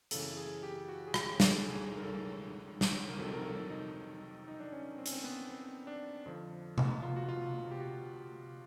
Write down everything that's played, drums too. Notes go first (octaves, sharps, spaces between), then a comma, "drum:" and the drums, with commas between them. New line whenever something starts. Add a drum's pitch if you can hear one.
F#2 C#3 E3 A4, drum: hi-hat
G#4
G4
F#4
G#4
G4, drum: rim click
A4, drum: snare
G#4
A#4
A4
drum: snare
A#4
F2 C3 D#3 F#3 A4
A#4
A4
D#4
D#4
D4
C#4
C4
C#4, drum: hi-hat
C4
B3
C4
D4
F2 D3 F3
B3, drum: tom C3
F4
F#4
F4
G4
F#4